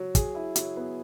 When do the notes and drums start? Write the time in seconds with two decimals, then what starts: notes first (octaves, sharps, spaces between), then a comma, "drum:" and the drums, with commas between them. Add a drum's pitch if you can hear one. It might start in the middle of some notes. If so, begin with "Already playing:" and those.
Already playing: F#3
0.15 G#4, drum: kick, hi-hat
0.35 E4
0.56 F#3, drum: hi-hat
0.76 B3